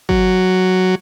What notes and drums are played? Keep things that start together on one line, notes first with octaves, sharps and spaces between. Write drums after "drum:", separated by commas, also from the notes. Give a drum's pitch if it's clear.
F#3, drum: kick